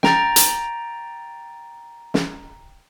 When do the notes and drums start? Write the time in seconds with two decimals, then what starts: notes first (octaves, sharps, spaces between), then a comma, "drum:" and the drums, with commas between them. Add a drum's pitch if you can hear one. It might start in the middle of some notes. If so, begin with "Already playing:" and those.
0.03 G5 A#5 A6, drum: snare
0.36 drum: hi-hat
2.14 drum: snare